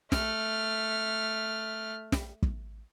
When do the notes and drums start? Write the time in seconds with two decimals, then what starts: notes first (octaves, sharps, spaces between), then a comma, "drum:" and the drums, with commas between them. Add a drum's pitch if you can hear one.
0.12 A3 F6, drum: snare
2.12 drum: snare
2.42 drum: kick